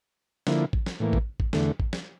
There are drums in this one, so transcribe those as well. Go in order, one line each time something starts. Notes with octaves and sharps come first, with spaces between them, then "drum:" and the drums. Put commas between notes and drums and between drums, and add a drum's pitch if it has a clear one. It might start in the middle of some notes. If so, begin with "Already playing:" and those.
D3 F3 A#3 E4, drum: snare
drum: kick A1
drum: snare
A2 E3 A#3
drum: kick A1
drum: kick A1
E2 D3 A3, drum: snare
drum: kick A1
drum: snare